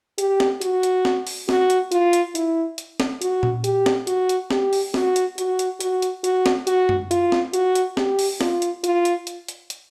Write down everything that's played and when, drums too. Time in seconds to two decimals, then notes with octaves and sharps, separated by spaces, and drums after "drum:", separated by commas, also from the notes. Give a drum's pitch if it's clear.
0.18 G4, drum: hi-hat
0.40 drum: snare C4
0.61 F#4, drum: hi-hat
0.83 drum: hi-hat
1.05 drum: snare C4
1.27 drum: open hi-hat
1.49 F#4, drum: snare C4
1.70 drum: hi-hat
1.92 F4, drum: hi-hat
2.13 drum: hi-hat
2.35 E4, drum: hi-hat
2.78 drum: hi-hat
3.00 drum: snare C4
3.22 F#4, drum: hi-hat
3.43 drum: tom A#2
3.64 G4, drum: hi-hat
3.86 drum: snare C4
4.07 F#4, drum: hi-hat
4.29 drum: hi-hat
4.50 G4, drum: snare C4
4.73 drum: open hi-hat
4.94 F#4, drum: snare C4
5.16 drum: hi-hat
5.38 F#4, drum: hi-hat
5.59 drum: hi-hat
5.80 F#4, drum: hi-hat
6.02 drum: hi-hat
6.24 F#4, drum: hi-hat
6.46 drum: snare C4
6.67 F#4, drum: hi-hat
6.89 drum: tom F#2
7.11 F4, drum: hi-hat
7.32 drum: snare C4
7.54 F#4, drum: hi-hat
7.75 drum: hi-hat
7.97 G4, drum: snare C4
8.19 drum: open hi-hat
8.41 F4, drum: snare C4
8.62 drum: hi-hat
8.84 F4, drum: hi-hat
9.05 drum: hi-hat
9.27 drum: hi-hat
9.48 drum: hi-hat
9.70 drum: hi-hat